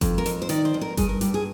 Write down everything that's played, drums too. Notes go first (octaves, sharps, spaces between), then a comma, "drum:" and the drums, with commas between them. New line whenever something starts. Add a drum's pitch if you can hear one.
F2, drum: kick G1, hi-hat
A#4
F2, drum: hi-hat
C5
D#3 D5, drum: hi-hat
C5
F2
A#4
G2 G#4, drum: kick G1, hi-hat
A#4
G2 G4, drum: hi-hat
G#4